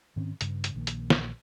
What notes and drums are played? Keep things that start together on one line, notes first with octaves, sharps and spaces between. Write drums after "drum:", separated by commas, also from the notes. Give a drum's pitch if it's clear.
G#2 D#3 C4 C#4
G2 C#3, drum: hi-hat
drum: hi-hat
A#1 D#3 A#3
drum: hi-hat
drum: snare